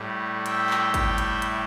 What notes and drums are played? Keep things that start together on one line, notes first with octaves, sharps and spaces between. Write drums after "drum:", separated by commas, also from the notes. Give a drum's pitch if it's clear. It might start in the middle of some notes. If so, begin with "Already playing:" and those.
Already playing: A2 G3
E5 G5, drum: hi-hat
drum: clap
drum: kick, hi-hat
drum: hi-hat
drum: hi-hat